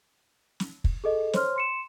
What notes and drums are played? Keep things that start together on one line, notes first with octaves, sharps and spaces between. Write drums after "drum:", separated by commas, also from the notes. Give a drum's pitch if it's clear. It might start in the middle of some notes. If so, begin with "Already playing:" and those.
drum: snare
drum: kick
G#4 A4 D#5
C5 C#5 C6 F6, drum: snare
C6 C#7 E7